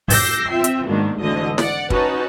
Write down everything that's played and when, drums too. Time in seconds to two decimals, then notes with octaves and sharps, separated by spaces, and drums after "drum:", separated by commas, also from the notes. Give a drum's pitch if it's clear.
0.10 D6 E6 G6 A#6 C7, drum: open hi-hat
0.51 C4 F4 E5 G5
0.64 drum: hi-hat
0.87 G#2 B2 D#3 A#3 D4
1.18 G#1 D2 D3 E3 D#5
1.58 D5 F#5, drum: snare
1.90 C#4 D#4 F#4 B4 A5, drum: kick